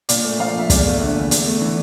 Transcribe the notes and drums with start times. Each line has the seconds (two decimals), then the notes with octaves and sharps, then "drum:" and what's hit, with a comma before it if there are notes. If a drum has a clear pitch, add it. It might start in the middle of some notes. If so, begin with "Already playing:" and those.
0.09 A#2 D5, drum: hi-hat
0.24 A3
0.39 F3 F5
0.55 A#2 E5
0.70 E2 D5, drum: kick, hi-hat
0.85 A3 D5
1.00 D3 E5
1.16 E2
1.31 E2, drum: hi-hat
1.46 A3
1.62 E3